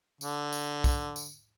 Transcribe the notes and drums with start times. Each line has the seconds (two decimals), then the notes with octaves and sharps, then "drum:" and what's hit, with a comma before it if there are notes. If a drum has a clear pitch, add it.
0.21 D3, drum: tambourine
0.53 drum: tambourine
0.84 drum: kick, tambourine
1.16 drum: tambourine